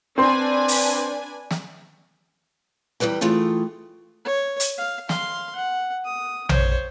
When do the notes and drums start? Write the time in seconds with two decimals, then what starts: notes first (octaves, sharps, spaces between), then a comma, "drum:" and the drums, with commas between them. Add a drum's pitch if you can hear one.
0.18 C4 D4 B4 G#5 C6
0.68 drum: open hi-hat
1.51 drum: snare
3.00 E2 F3 G3 B4 G5
3.21 E3 A3 F4 G#4 G5
4.25 C#5
4.60 drum: hi-hat
4.78 F5
5.09 F5 C6, drum: snare
5.56 F#5
6.05 D#6
6.49 C5 C#5, drum: tom A#1